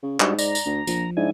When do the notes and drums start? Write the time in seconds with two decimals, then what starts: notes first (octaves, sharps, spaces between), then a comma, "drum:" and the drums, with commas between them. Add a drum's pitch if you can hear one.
0.03 C#3
0.20 G#2 G3 D4 F#4, drum: clap
0.39 D5 A#5, drum: tambourine
0.55 drum: tambourine
0.66 D2
0.87 A#1 F3, drum: tambourine
1.17 G#2 D4 E4 G#5